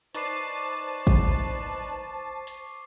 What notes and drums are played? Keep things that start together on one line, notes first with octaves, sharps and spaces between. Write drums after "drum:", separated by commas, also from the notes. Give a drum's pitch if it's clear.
D#4 B4 C5 D5 A5 C#6 D6 C7, drum: hi-hat
drum: kick G#1
drum: hi-hat